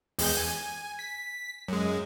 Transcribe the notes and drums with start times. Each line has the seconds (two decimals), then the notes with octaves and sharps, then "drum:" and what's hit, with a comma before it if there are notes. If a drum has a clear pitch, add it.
0.19 E2 G#3 G6, drum: open hi-hat
0.37 G#5
0.99 B6
1.68 F#2 G#3